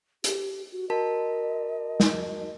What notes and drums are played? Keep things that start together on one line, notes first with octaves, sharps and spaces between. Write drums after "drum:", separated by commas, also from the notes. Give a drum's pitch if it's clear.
G4, drum: hi-hat
F#4
F#4 A#4 D#5 A5
drum: snare